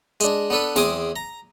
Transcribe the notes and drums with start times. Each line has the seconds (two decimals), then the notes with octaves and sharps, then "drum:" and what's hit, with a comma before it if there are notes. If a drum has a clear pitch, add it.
0.20 G#3 D4, drum: hi-hat
0.50 B3 D4 A4 B4
0.76 E2 C4 G#4 D6 D#6, drum: snare
1.16 A#5